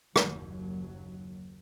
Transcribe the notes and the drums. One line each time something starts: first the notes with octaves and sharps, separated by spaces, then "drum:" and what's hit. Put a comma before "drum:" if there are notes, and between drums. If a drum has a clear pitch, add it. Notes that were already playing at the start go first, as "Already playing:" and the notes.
F#1 D#2 F#3, drum: rim click